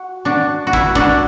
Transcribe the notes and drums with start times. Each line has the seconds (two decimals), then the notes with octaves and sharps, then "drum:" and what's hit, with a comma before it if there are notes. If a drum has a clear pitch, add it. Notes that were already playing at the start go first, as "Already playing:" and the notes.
Already playing: F#4
0.25 D4 F#4
0.67 F#4
0.73 E4, drum: kick, hi-hat
0.95 D4 F#4, drum: kick, hi-hat